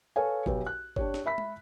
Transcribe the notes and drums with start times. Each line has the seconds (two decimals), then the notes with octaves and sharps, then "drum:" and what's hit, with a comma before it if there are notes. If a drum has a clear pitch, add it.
0.16 A4 B4 C#5 F5 G#5
0.46 B1 G4 B4, drum: kick G1
0.67 F#6
0.96 D4 G4 C#5, drum: kick G1
1.14 drum: snare
1.26 E5 B5 B6
1.38 drum: tom G#3